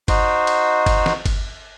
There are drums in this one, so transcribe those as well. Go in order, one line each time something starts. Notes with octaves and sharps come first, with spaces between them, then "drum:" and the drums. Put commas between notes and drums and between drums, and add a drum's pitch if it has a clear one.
D#4 F#4 C5, drum: kick G1, cymbal
drum: cymbal
drum: kick G1, cymbal
drum: snare
drum: kick G1, cymbal